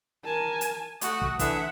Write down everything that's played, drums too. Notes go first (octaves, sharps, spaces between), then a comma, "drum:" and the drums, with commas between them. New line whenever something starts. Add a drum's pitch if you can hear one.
A#4 G#5 A5
drum: hi-hat
A3 F#4 D#6, drum: hi-hat
drum: kick
D3 E3 E5 F#5, drum: kick, hi-hat